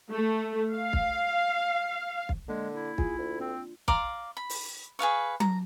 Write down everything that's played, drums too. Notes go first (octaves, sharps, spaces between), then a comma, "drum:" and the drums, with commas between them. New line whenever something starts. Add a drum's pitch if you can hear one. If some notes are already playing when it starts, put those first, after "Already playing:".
A3
F5
drum: kick
drum: kick
D3 G#3 A#3
E4
F4 G#4, drum: kick
D2
C4 D4
D5 F5 A#5 C6, drum: kick
B5
drum: open hi-hat
G#4 B4 F5 C#6
A#5, drum: tom F#3